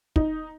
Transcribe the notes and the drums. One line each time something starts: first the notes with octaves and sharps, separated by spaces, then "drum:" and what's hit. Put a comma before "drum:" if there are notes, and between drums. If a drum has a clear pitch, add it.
D#4, drum: kick